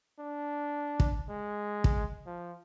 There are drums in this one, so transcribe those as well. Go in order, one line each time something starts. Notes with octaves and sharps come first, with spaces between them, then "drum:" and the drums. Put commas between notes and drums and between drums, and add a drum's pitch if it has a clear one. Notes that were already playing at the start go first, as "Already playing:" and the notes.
D4
drum: kick
G#3
drum: kick
F3